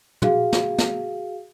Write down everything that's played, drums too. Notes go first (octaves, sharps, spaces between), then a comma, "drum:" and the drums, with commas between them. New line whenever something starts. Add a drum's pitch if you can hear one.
F#4 G#4 F5, drum: tom
drum: snare
drum: snare